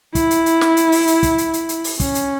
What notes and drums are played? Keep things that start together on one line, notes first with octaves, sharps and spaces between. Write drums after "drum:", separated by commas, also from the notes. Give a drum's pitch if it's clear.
E4, drum: kick, hi-hat
drum: hi-hat
drum: hi-hat
drum: snare
drum: hi-hat
drum: open hi-hat
drum: hi-hat
drum: kick, hi-hat
drum: hi-hat
drum: hi-hat
drum: hi-hat
drum: open hi-hat
C#4, drum: kick, hi-hat
drum: hi-hat